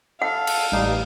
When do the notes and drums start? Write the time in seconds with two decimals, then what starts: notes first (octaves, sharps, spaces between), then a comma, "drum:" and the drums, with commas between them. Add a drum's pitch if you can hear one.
0.22 A4 F5 F#5
0.47 drum: cymbal
0.72 A1 G3 D#4